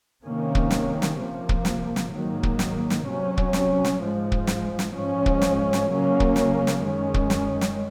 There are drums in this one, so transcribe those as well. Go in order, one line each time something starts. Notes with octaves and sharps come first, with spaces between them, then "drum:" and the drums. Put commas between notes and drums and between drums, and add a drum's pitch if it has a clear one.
C3 D#3 A#3 C#4
drum: kick
drum: snare
drum: snare
C3 F3 A#3
drum: kick
drum: snare
drum: snare
G#2 D#3 F#3 A#3
drum: kick
drum: snare
drum: snare
C3 F#3 C#4
drum: kick
drum: snare
drum: snare
G#2 F3 G#3
drum: kick
drum: snare
drum: snare
G#2 F3 G#3 C#4
drum: kick
drum: snare
drum: snare
C#3 F#3 A#3 C#4
drum: kick
drum: snare
drum: snare
F#2 D#3 G#3 C#4
drum: kick
drum: snare
drum: snare